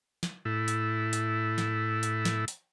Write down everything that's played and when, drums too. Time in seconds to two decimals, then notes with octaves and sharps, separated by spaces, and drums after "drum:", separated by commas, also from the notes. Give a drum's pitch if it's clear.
0.23 drum: snare
0.45 A2 E4
0.68 drum: hi-hat
1.13 drum: hi-hat
1.58 drum: snare
2.03 drum: hi-hat
2.25 drum: snare
2.48 drum: hi-hat